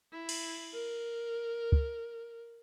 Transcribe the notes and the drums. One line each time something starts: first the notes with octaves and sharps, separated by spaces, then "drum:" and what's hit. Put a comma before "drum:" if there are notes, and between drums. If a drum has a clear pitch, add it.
E4
drum: cymbal
A#4
drum: kick